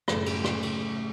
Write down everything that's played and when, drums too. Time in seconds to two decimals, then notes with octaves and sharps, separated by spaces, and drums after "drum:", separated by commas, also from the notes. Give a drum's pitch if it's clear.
0.08 F#2 A2 C#3 G3 A3, drum: rim click
0.26 drum: cymbal
0.44 drum: rim click
0.62 drum: cymbal